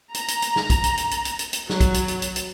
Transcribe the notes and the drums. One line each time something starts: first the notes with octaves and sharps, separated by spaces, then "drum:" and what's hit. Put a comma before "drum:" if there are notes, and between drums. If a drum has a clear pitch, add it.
A#5, drum: hi-hat
drum: hi-hat
drum: hi-hat
drum: snare
drum: kick B1, hi-hat
drum: hi-hat
drum: hi-hat
drum: hi-hat
drum: hi-hat
drum: hi-hat
drum: hi-hat
F#3, drum: snare
drum: kick B1, hi-hat
drum: hi-hat
drum: hi-hat
drum: hi-hat
drum: hi-hat